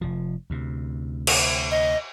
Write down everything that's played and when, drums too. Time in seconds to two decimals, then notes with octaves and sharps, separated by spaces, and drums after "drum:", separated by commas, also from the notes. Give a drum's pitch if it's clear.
0.01 F1 F3
0.50 D2 C3
1.27 drum: cymbal
1.71 D#5